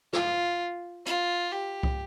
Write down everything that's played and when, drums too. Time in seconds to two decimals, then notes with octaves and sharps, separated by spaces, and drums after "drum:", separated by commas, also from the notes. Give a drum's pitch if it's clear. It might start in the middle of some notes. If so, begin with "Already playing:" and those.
0.13 F4, drum: snare
1.06 F4, drum: hi-hat
1.52 G4
1.83 drum: kick C2